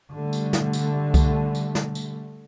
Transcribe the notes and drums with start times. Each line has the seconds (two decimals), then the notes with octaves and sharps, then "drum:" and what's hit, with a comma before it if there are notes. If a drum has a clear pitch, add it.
0.12 D3 G3 A3
0.33 drum: tambourine
0.53 drum: snare
0.73 drum: tambourine
1.14 drum: kick C2, tambourine
1.55 drum: tambourine
1.75 drum: snare
1.95 drum: tambourine